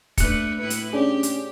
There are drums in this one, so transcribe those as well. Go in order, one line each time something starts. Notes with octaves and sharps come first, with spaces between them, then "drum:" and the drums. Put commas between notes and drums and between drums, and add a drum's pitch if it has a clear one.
A3 D4 B4 F#6 C#7, drum: kick, hi-hat
A2 E4 B4
drum: hi-hat
C#4 D4 G4 G#4
drum: hi-hat